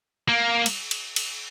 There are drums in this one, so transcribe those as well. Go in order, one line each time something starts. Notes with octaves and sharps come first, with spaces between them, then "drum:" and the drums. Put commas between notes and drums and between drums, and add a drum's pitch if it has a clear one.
A#3
drum: cymbal
drum: cymbal
drum: cymbal